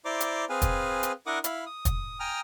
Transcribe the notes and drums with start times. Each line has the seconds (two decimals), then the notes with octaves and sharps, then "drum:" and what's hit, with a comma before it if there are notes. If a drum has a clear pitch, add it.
0.05 E4 C5 D5 A#5 C6 D6
0.20 drum: hi-hat
0.49 C4 G#4 B4 F5 G#5
0.62 drum: kick, hi-hat
1.03 drum: hi-hat
1.26 D4 E4 A#4 F#5 D6 D#6
1.44 E4 F5 B5, drum: hi-hat
1.66 D#6
1.85 drum: kick, hi-hat
2.20 G5 G#5 A#5 D#6 F6